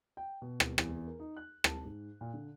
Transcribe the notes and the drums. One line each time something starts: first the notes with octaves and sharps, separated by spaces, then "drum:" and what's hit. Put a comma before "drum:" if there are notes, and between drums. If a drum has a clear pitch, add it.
G5
B2
drum: rim click
E2, drum: rim click
A#4
D#4
F#6
A5, drum: rim click
G#2
A#2
D3